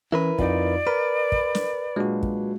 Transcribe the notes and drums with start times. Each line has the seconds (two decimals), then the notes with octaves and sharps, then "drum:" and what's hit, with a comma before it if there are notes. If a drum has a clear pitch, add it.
0.12 E3 C#4 E4 A#4 B4
0.39 F2 D#4 F4 D5, drum: kick
0.87 A#4 B4 B5
1.32 drum: kick
1.55 drum: snare
1.96 A#2 F#3 G#3 D4 F#4
2.23 drum: kick